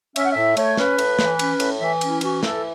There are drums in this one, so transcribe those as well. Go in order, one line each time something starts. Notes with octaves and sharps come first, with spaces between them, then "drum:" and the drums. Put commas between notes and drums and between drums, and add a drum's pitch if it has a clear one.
C#4 E5, drum: cymbal
F#5
A2 E5
A3 C#5, drum: cymbal
C#4 B4, drum: snare
A2, drum: cymbal
E3, drum: snare
C#4, drum: cymbal
A2, drum: cymbal
E3 E5
C#4, drum: cymbal
E4
E3 F#4, drum: cymbal
E3 A4, drum: snare